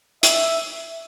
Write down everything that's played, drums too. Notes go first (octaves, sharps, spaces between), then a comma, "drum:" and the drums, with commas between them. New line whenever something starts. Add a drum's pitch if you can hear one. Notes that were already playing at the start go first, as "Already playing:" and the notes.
E5, drum: hi-hat